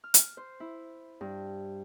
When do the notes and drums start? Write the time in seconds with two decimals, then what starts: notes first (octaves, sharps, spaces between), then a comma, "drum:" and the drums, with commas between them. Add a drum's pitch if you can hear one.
0.04 F6
0.14 drum: hi-hat
0.37 C5
0.60 E4
1.21 G2